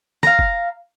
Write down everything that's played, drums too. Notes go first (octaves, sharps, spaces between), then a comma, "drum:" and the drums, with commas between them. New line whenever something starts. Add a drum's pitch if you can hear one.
F5 A#5, drum: snare
drum: kick F#1